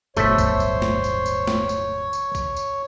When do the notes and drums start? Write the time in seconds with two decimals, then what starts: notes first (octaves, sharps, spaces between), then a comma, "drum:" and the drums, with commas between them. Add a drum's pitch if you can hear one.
0.17 D1 G1 B2 A3 C5 C#5 E5, drum: tambourine
0.38 drum: kick, tambourine
0.60 drum: tambourine
0.82 drum: snare
1.04 drum: tambourine
1.26 drum: tambourine
1.47 drum: snare
1.69 drum: tambourine
2.13 drum: tambourine
2.35 drum: kick, tambourine
2.57 drum: tambourine